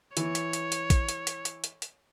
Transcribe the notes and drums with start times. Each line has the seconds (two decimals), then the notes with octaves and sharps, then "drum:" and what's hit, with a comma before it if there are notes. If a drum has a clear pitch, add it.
0.17 E3 C#5, drum: hi-hat
0.35 drum: hi-hat
0.53 drum: hi-hat
0.72 drum: hi-hat
0.90 drum: kick, hi-hat
1.09 drum: hi-hat
1.27 drum: hi-hat
1.45 drum: hi-hat
1.64 drum: hi-hat
1.82 drum: hi-hat